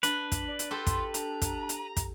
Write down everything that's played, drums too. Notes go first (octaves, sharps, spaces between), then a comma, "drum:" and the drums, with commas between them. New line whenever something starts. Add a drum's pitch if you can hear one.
D4 B4, drum: hi-hat
drum: kick, hi-hat
D5
drum: hi-hat
F4 G4 A4 C6
drum: kick, hi-hat
D4 A#5, drum: hi-hat
drum: kick, hi-hat
drum: hi-hat
drum: kick, hi-hat